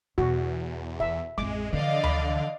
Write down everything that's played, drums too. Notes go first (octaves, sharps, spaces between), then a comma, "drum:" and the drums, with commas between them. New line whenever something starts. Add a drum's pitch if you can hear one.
E2 B2 F#4
E5, drum: kick
A1 F2 G#3 D6
D3 E3 F3 D5 D#5 F5
B5, drum: tom D2